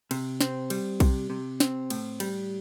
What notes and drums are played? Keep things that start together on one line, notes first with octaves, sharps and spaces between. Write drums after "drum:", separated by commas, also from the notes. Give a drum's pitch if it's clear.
C3, drum: cymbal
C4, drum: snare
G3, drum: cymbal
C3, drum: kick B1, cymbal
C3
C4, drum: snare
A2, drum: cymbal
G3, drum: cymbal